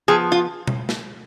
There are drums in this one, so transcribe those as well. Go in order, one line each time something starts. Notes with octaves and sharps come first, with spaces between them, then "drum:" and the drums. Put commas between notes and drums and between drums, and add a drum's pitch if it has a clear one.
F3 B3 G#4
F4
drum: tom B2
drum: snare